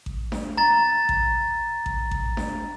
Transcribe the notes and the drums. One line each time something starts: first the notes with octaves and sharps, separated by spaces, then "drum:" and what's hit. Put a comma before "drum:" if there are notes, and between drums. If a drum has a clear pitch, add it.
drum: kick A1
drum: snare D4
A#5 A6
drum: kick A1
drum: kick A1
drum: kick A1
drum: snare D4